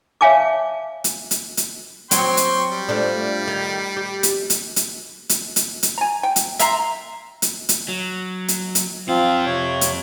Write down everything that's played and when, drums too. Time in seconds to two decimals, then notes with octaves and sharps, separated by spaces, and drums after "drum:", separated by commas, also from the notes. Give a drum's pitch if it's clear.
0.21 C#5 E5 F5 G#5 A5 D6
1.04 drum: hi-hat
1.31 drum: hi-hat
1.57 drum: hi-hat
2.11 F#3 C4 G5 C6 C#6, drum: hi-hat
2.37 drum: hi-hat
2.71 G3
2.89 F3 A3 D4
3.48 D#3
3.97 G4
4.23 drum: hi-hat
4.50 drum: hi-hat
4.76 drum: hi-hat
5.29 drum: hi-hat
5.56 drum: hi-hat
5.83 drum: hi-hat
5.98 G#5 A#5
6.23 G5
6.36 drum: hi-hat
6.59 E5 A#5 C6, drum: hi-hat
7.42 drum: hi-hat
7.69 drum: hi-hat
7.88 F#3
8.48 drum: hi-hat
8.75 drum: hi-hat
9.08 F2 F3 C4 F4 F5
9.46 C3 C#5
9.81 drum: hi-hat